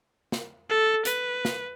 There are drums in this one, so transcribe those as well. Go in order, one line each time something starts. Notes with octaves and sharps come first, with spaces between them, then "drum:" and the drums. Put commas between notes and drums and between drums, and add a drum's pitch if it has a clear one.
drum: snare
A4
B4, drum: hi-hat
drum: snare